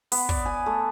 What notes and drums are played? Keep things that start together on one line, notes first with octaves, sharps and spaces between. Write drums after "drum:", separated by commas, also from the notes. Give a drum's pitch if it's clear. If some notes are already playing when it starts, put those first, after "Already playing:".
B3, drum: open hi-hat
D5, drum: kick
G#5
A3